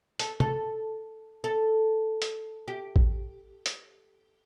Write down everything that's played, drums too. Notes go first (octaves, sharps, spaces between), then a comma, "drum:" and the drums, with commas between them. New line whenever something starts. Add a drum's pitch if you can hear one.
A4, drum: hi-hat
A4, drum: tom
A4
drum: hi-hat
G4
drum: kick A1
drum: hi-hat